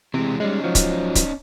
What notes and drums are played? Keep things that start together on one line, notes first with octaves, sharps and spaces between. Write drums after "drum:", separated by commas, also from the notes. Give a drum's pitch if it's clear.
C3 E3 G#3
G3 G#3 C#4 D#4
F3 F#3
drum: kick C#1, hi-hat
drum: kick C#1, hi-hat